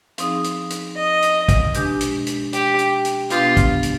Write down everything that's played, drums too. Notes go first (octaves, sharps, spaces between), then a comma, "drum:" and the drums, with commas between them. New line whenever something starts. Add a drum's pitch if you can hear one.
F3 C4 D#4 G#4, drum: hi-hat
drum: hi-hat
drum: hi-hat
D#5
drum: hi-hat
drum: kick, hi-hat
B2 G#3 D4 G4 B4, drum: hi-hat
drum: hi-hat
drum: hi-hat
G4, drum: hi-hat
drum: hi-hat
drum: hi-hat
B2 B3 D4 F4 G4 B4, drum: hi-hat
drum: kick, hi-hat
drum: hi-hat